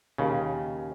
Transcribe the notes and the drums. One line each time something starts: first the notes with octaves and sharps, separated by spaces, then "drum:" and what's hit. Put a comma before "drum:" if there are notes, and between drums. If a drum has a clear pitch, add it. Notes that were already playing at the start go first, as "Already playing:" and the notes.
D#2 C#3, drum: tom A#2